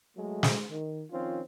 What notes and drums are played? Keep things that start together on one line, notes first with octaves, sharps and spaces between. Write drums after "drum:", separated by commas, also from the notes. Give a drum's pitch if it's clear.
F#3 G#3 A3
drum: snare
D#3
D#3 F3 C4 C#4 F4